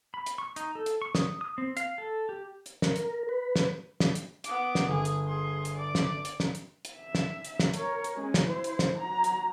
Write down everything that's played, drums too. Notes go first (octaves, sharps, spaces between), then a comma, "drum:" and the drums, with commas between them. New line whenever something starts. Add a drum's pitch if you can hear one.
B5
drum: hi-hat
C#6
D#4, drum: hi-hat
A4
drum: hi-hat
C#6
D#6, drum: snare
D#6
C4
F5, drum: hi-hat
A4
G4
drum: hi-hat
A#4, drum: snare
drum: hi-hat
B4
drum: snare
drum: snare
drum: hi-hat
B3 D6, drum: hi-hat
drum: snare
G1 G#4
drum: hi-hat
G#4 C6
drum: hi-hat
D5 D6
drum: snare
drum: hi-hat
drum: snare
drum: hi-hat
drum: hi-hat
E5
drum: snare
drum: hi-hat
drum: snare
A#4 C#5, drum: hi-hat
drum: hi-hat
G#3 C#4
drum: snare
E4 C5
drum: hi-hat
drum: snare
F#3 A#5
drum: hi-hat